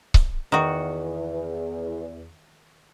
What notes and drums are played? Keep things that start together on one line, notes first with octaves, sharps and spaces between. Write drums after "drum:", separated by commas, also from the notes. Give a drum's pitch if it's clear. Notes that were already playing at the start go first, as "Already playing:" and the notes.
drum: kick C#1
E2 D#3 F#4